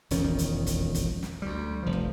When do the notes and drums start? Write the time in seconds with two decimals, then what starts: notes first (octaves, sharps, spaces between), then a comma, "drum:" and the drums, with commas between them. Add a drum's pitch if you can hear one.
0.11 E1 F2 D#3 C#4, drum: hi-hat
0.25 drum: kick
0.39 drum: hi-hat
0.67 drum: kick, hi-hat
0.95 drum: kick, hi-hat
1.23 drum: snare
1.42 D2 G3
1.83 F1 F3
1.93 drum: kick